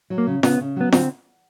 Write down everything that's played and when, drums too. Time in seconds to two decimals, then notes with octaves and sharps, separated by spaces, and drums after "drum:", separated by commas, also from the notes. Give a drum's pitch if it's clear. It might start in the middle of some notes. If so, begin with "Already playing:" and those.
0.10 F#3
0.18 A#3
0.27 C#3
0.43 C#3 B3, drum: snare F4
0.60 C#3
0.76 F#3 B3
0.92 D3 C4, drum: snare F4